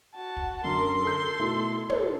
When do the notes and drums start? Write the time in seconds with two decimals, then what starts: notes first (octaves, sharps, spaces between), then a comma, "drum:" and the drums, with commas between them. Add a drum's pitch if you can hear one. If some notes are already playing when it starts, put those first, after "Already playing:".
0.15 F#4 A5
0.37 drum: kick
0.64 F#2 D3 A#4 C6
1.03 A4 A#4 G6
1.39 B2 A3 E4
1.90 A4 C#5 D#5, drum: tom